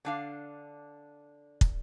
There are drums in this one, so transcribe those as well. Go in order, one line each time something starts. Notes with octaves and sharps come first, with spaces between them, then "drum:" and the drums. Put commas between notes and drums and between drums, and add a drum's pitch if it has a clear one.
D3 D4 F5
drum: kick